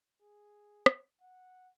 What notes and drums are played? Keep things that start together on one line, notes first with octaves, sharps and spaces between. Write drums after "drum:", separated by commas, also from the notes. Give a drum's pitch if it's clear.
G#4
drum: rim click
F#5